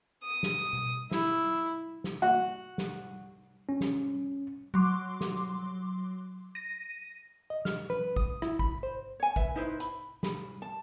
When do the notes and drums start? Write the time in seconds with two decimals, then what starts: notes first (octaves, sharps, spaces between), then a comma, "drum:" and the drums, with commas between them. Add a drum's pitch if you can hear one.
0.24 D#6
0.43 drum: snare
0.73 drum: tom B2
1.11 E4, drum: snare
2.04 drum: snare
2.22 F#4
2.78 drum: snare
3.69 C#4
3.81 drum: snare
4.74 F#3 C6 D6
5.21 drum: snare
6.55 A#6 D#7
7.50 D#5
7.65 F6, drum: snare
7.90 B4, drum: tom F3
8.16 D#6, drum: kick
8.42 E4, drum: rim click
8.59 B5, drum: kick
8.83 C5
9.20 C#5 G#5
9.36 B4 E5, drum: kick
9.56 D#4 E4 B4 C5
9.80 B5, drum: hi-hat
10.23 B5, drum: snare
10.62 A5